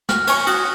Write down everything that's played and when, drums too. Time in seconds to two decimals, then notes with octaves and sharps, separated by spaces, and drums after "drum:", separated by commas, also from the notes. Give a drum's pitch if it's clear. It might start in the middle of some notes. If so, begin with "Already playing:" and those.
0.09 F#4 F6, drum: snare
0.27 C#5 G#5 C#6, drum: cymbal
0.47 F#4 D#6, drum: cymbal